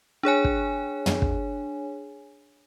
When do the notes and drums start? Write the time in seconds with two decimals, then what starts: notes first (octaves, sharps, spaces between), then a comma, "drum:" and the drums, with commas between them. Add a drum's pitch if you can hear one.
0.23 D4 G#4 C#5 G#5
0.44 drum: kick
1.06 drum: tom
1.22 drum: kick